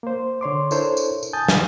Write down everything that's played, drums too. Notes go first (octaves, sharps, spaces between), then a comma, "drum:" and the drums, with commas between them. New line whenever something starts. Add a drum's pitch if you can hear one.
A#3 C5
D3 C#5 C6 D6
D4 E4 A4 A#4 C5 C#5, drum: tambourine
drum: tambourine
drum: tambourine
G#5 A5 D#6 G6 A6
drum: snare